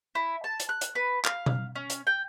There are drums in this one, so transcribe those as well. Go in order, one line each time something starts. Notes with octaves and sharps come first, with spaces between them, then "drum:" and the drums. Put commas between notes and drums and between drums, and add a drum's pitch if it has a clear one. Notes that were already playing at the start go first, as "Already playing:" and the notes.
E4
A5
drum: hi-hat
F#6
drum: hi-hat
B4
F5, drum: clap
drum: tom B2
C#4
drum: hi-hat
G5